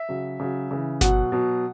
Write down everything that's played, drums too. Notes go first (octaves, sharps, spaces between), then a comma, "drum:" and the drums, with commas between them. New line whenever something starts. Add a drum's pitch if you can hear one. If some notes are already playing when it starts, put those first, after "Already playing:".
Already playing: E5
C#3 F#3
C#3 F#3
C#3 E3
B2 F#3 F#5, drum: snare G1
B2 F#3